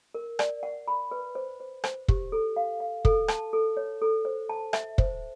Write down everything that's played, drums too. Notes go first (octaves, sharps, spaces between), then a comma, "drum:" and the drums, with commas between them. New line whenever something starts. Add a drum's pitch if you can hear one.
A#4
D5, drum: rim click
F#5
B5
B4
C5
C5
C5, drum: rim click
G4, drum: kick
A4
F5
F5
A4, drum: kick
A5, drum: rim click
A4
C#5
A4
C5
A5
E5, drum: rim click
C5, drum: kick